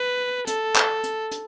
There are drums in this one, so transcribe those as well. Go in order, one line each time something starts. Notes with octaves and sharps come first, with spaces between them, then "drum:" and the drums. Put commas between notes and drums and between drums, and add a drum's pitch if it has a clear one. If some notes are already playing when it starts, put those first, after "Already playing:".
Already playing: B4
A4, drum: hi-hat
drum: clap
drum: hi-hat
drum: hi-hat